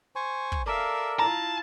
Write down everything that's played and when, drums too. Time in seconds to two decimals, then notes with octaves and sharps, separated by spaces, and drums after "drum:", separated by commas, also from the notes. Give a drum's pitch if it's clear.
0.16 C5 G#5 C#6
0.52 drum: kick
0.67 A4 A#4 D5 E5 F5
1.19 E4 F4 A5 A#5